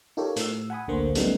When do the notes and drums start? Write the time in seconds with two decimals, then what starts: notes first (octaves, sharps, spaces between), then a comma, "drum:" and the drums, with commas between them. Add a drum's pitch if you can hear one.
0.17 D#4 F4 G4 A4 A#4 C#5
0.36 A2 E6, drum: hi-hat
0.70 F#5 G#5 B5 D#6
0.87 A1 D2 D3 A#3 C5
1.15 F#3 G3 A3 B3 C#4 D#4, drum: hi-hat